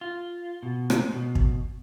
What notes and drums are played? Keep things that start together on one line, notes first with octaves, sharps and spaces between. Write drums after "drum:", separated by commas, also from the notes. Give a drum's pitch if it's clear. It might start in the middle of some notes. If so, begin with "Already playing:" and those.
F4
B2
drum: rim click
B2
drum: kick